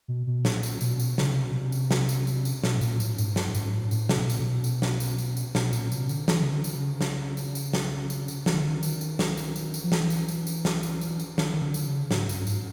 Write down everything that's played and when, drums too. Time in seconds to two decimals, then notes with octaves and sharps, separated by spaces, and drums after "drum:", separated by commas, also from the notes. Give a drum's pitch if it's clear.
0.08 B2
0.27 B2
0.45 A#2, drum: snare
0.63 drum: tambourine
0.81 B2, drum: tambourine
1.00 drum: tambourine
1.18 C#3, drum: snare
1.31 C3
1.45 B2
1.58 C3
1.72 drum: tambourine
1.91 drum: snare
2.09 drum: tambourine
2.27 drum: tambourine
2.45 drum: tambourine
2.63 B2, drum: snare
2.77 A2
2.81 A#2, drum: tambourine
3.00 A2, drum: tambourine
3.18 G#2, drum: tambourine
3.36 G2, drum: snare
3.49 A2
3.55 G#2, drum: tambourine
3.73 A2
3.91 A2, drum: tambourine
4.09 C3, drum: snare
4.19 B2
4.30 A#2, drum: tambourine
4.40 B2
4.64 drum: tambourine
4.82 drum: snare
5.00 drum: tambourine
5.18 drum: tambourine
5.37 drum: tambourine
5.55 B2, drum: snare
5.73 A#2, drum: tambourine
5.92 C3, drum: tambourine
6.09 D3, drum: tambourine
6.28 E3, drum: snare
6.42 C#3
6.52 D3
6.64 drum: tambourine
6.76 C#3
7.01 drum: snare
7.37 drum: tambourine
7.55 drum: tambourine
7.73 drum: snare
8.10 drum: tambourine
8.28 drum: tambourine
8.46 E3, drum: snare
8.54 D#3
8.61 D3
8.69 D#3
8.83 drum: tambourine
9.01 drum: tambourine
9.19 drum: snare
9.37 drum: tambourine
9.56 drum: tambourine
9.74 drum: tambourine
9.84 F3
9.92 E3, drum: snare
10.10 drum: tambourine
10.28 drum: tambourine
10.47 drum: tambourine
10.65 drum: snare
10.83 drum: tambourine
11.01 drum: tambourine
11.20 drum: tambourine
11.38 D#3, drum: snare
11.53 D#3
11.62 D3
11.74 drum: tambourine
11.87 C#3
12.11 G#2, drum: snare
12.29 G2, drum: tambourine
12.47 G#2, drum: tambourine